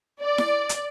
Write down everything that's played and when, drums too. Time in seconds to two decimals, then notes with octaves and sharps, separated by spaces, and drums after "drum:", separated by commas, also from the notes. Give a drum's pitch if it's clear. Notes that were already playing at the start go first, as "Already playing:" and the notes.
0.23 D5
0.38 drum: snare E4
0.69 drum: hi-hat